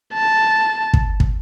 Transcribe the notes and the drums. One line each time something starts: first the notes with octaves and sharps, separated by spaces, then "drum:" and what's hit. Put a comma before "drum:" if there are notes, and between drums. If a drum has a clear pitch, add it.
A5
drum: kick
drum: kick